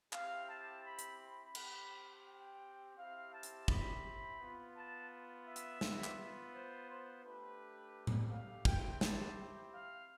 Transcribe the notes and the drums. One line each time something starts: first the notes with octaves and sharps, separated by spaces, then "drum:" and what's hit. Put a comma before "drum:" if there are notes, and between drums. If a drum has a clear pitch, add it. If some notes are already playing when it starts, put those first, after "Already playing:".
C4 E4 G4 F5, drum: clap
A5
B5
drum: hi-hat
B5
C4 G4, drum: cymbal
G5
C4 E4 G4 F5
A5
drum: hi-hat
B5, drum: kick
B3 F4
A5
E5
drum: hi-hat
B3 F4, drum: snare
drum: clap
C5
C5
A3 D4 G4 B4
drum: tom A2
F5
C4 E4 G4 G5, drum: kick
A5, drum: snare
F5